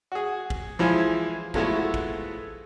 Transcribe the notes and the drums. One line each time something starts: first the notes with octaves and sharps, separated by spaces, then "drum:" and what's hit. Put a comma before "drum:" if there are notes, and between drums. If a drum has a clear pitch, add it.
F#4 G#4
drum: kick
E3 F3 G#3 E4 G#4 G#5
F3 G#3 A3 B3 E4 F#4, drum: kick
drum: kick